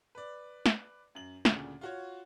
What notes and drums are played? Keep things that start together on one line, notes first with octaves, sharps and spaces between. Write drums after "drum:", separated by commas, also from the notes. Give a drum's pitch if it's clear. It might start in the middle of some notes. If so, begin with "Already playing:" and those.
B4 D5
drum: snare
F#2 F#7
D2 A#2 C#3, drum: snare
F4 F#4 C#5